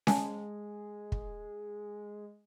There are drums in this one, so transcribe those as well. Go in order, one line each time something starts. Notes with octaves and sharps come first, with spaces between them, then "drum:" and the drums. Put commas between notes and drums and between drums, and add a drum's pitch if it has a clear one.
G#3 G#5 A5, drum: snare C#4
drum: kick